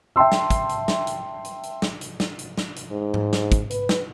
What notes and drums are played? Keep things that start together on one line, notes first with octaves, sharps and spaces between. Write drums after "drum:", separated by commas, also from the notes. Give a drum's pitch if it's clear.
E5 G5 A5 C6 E6
drum: snare
drum: kick, hi-hat
drum: hi-hat
drum: snare
drum: hi-hat
drum: hi-hat
drum: hi-hat
drum: snare
drum: hi-hat
drum: snare
drum: hi-hat
drum: snare
drum: hi-hat
G#2
drum: tom G#2
drum: snare
drum: kick, hi-hat
B4, drum: hi-hat
drum: snare